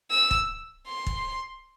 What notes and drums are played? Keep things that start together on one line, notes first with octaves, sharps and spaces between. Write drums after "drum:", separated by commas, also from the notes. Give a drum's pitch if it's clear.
E6
drum: kick
C6
drum: kick